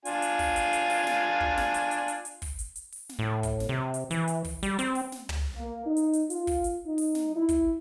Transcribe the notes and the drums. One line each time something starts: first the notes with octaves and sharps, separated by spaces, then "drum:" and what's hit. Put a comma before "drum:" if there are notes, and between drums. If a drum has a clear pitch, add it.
D4 F4 G#5, drum: hi-hat
drum: hi-hat
drum: kick, open hi-hat
drum: hi-hat
drum: hi-hat
drum: open hi-hat
drum: snare
drum: kick
drum: snare
drum: hi-hat
drum: hi-hat
drum: hi-hat
drum: hi-hat
drum: kick, open hi-hat
drum: hi-hat
drum: hi-hat
drum: open hi-hat
drum: snare
A2
drum: kick, hi-hat
drum: snare
C3
drum: hi-hat
E3, drum: hi-hat
drum: hi-hat
drum: kick, open hi-hat
G3, drum: hi-hat
C4, drum: hi-hat
drum: open hi-hat
drum: snare
drum: tom
A#3
D#4
drum: hi-hat
drum: hi-hat
F4, drum: hi-hat
drum: kick, open hi-hat
drum: hi-hat
D#4
drum: open hi-hat
drum: snare
E4
drum: kick, hi-hat